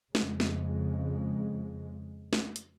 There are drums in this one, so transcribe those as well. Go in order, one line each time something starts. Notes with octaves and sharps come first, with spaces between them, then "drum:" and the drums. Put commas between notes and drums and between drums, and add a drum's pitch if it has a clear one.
F2 C#3 G#3, drum: snare
drum: snare
drum: snare
drum: hi-hat